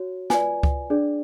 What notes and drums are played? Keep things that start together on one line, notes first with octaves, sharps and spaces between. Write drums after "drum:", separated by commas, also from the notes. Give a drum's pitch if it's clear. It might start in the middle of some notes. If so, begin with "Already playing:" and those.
Already playing: F#4 C#5
F4 B4 D5 G#5, drum: snare
drum: kick C#2
D4 G#4 D5